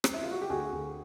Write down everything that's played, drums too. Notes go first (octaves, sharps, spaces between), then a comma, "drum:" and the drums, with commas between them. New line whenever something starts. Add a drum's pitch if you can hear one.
drum: rim click
E4
F4
F#4
G4
D2 F#4 G#4
D2